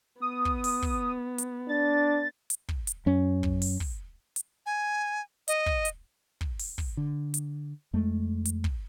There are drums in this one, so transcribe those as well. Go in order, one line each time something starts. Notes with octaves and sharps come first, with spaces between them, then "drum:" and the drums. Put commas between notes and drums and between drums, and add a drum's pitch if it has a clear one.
B3 D#6
drum: kick
drum: open hi-hat
drum: kick
drum: hi-hat
D4 A6
drum: hi-hat
drum: kick
drum: hi-hat
F#2 C#4
drum: kick
drum: open hi-hat
drum: kick
drum: hi-hat
G#5
D#5, drum: hi-hat
drum: kick
drum: hi-hat
drum: kick
drum: open hi-hat
drum: kick
D3
drum: hi-hat
F2 G#3 A3
drum: hi-hat
drum: kick